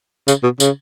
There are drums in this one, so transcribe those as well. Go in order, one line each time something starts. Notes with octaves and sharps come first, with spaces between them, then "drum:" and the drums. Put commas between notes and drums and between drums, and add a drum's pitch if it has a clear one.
C#3, drum: tambourine
B2
C#3, drum: tambourine